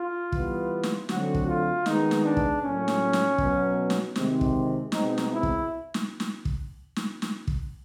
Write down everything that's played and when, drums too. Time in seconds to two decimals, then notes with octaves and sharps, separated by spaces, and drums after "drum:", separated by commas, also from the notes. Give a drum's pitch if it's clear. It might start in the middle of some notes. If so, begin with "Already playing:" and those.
Already playing: F4
0.32 E3 G3 B3, drum: kick
0.83 drum: snare
1.09 D3 F#3 A3 C4 F#4, drum: snare
1.34 drum: kick
1.47 F4
1.86 D#3 G#3 B3 D#4, drum: snare
2.11 drum: snare
2.24 D4
2.37 drum: kick
2.62 A2 F#3 A#3 C#4
2.88 drum: snare
3.13 drum: snare
3.38 B2 F#3 B3, drum: kick
3.90 drum: snare
4.16 C3 D#3 G#3 C4, drum: snare
4.41 drum: kick
4.92 B2 G#3 C4 D#4, drum: snare
5.18 drum: snare
5.30 E4
5.43 drum: kick
5.94 drum: snare
6.20 drum: snare
6.45 drum: kick
6.96 drum: snare
7.22 drum: snare
7.47 drum: kick